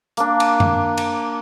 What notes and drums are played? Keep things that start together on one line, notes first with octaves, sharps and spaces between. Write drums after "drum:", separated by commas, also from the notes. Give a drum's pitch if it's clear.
A#3 D4, drum: hi-hat
drum: cymbal
drum: tom F#2
drum: cymbal